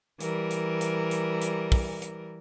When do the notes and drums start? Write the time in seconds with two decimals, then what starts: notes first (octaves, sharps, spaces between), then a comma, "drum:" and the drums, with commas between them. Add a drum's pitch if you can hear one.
0.20 E3 G3 A#4, drum: hi-hat
0.51 drum: hi-hat
0.81 drum: hi-hat
1.11 drum: hi-hat
1.42 drum: hi-hat
1.72 drum: kick, open hi-hat
2.02 drum: hi-hat